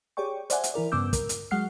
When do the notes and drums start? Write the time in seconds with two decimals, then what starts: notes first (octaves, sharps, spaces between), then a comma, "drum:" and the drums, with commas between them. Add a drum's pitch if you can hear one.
0.17 G4 G#4 C#5 D5 G5 C#6
0.50 C5 D5 E5 F#5 G#5, drum: hi-hat
0.63 drum: hi-hat
0.74 E3 E4 A#4 D5
0.92 G2 C#3 B3 D6 E6 G6
1.13 A#4, drum: kick, hi-hat
1.29 drum: hi-hat
1.51 F#3 G#3 F#5 F6 C7